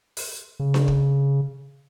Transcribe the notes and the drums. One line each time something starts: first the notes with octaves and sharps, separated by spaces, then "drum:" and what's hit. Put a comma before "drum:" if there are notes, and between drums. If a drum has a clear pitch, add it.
drum: open hi-hat
C#3
drum: snare D4
drum: kick